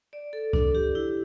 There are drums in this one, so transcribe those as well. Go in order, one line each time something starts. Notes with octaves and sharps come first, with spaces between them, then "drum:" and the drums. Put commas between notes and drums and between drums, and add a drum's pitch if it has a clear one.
D5
A4
D4, drum: kick C2
G4
E4